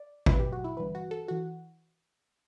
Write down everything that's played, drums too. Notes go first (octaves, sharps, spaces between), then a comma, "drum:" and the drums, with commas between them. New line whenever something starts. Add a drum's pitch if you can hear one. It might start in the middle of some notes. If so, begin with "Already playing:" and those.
Already playing: D5
A1 A2 F#3 B4, drum: kick G#1
G4
F#4
E4
G1 G2 E3 B4
F#4
A4
E3 F#4